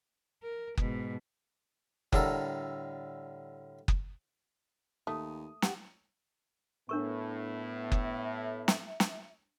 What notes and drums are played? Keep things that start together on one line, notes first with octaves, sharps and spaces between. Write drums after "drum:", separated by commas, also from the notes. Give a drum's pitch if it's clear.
A#4
G#2 B2, drum: kick F#1
A2 D3 G3 A4 A#4, drum: kick F#1
drum: kick F#1
D#2 A3 D#6
G4 F#5, drum: snare
A2 B3 D4 A#4 E5 C#6
drum: kick F#1
drum: snare
drum: snare